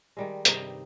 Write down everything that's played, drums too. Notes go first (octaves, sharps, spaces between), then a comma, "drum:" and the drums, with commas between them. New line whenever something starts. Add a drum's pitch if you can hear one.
D#3 G3 G#3
G2 C3 D#4, drum: hi-hat